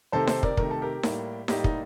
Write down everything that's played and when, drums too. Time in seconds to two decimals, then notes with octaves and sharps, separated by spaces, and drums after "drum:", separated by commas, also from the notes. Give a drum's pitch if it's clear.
0.12 C3 D#3 A3 A4 C5
0.27 A4 C5, drum: snare D#4
0.43 A#4 D5, drum: kick
0.57 C3 D#3 A3 A#4, drum: kick
0.71 A4
0.82 G4 A#4
1.03 A2 G3 A#3, drum: snare D#4
1.48 A2 G3 A#3 D#4 G4, drum: snare D#4
1.64 D#4, drum: kick